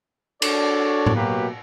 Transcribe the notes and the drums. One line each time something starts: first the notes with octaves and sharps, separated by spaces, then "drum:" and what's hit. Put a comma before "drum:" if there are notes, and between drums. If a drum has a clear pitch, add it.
D4 F#4 A4 C#5 D5, drum: cymbal
drum: tom A2
B2 F#3 A#3 G4 B4